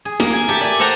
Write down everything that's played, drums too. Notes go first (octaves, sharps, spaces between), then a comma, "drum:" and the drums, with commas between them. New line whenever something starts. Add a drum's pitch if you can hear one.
G#4
A#3, drum: snare
G#5, drum: hi-hat
A3 G4 A4
D5 G#5
A4 C5 F#5 G5 A#5